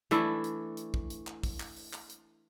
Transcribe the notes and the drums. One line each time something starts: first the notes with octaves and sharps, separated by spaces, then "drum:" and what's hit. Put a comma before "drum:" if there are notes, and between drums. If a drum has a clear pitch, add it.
E3 A3 D4 E4, drum: hi-hat
drum: hi-hat
drum: hi-hat
drum: kick
drum: hi-hat
drum: clap
drum: kick, open hi-hat
drum: clap
drum: open hi-hat
drum: clap
drum: hi-hat